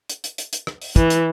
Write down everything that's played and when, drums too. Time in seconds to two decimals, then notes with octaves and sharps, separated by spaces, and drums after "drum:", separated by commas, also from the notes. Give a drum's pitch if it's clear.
0.09 drum: hi-hat
0.24 drum: hi-hat
0.38 drum: hi-hat
0.53 drum: hi-hat
0.67 drum: rim click
0.82 drum: open hi-hat
0.96 E3, drum: kick, hi-hat
1.10 drum: hi-hat